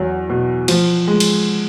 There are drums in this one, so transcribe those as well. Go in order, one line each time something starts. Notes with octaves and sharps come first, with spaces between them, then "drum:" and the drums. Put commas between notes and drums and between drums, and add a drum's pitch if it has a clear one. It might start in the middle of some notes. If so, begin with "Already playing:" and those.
Already playing: E2 F#3
B2
F3, drum: cymbal
G#3
drum: cymbal